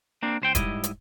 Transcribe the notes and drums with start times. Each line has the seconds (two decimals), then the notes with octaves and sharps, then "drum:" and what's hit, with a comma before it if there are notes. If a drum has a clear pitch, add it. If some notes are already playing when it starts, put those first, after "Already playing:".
0.23 A#3 C4 D4
0.42 C#2 C5 G5
0.55 G#2 G3 E4 D#5, drum: kick, hi-hat
0.84 drum: hi-hat